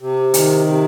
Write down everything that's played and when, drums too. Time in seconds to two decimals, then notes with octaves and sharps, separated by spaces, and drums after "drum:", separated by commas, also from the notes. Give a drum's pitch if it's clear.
0.01 C3
0.34 D#3, drum: hi-hat
0.66 C3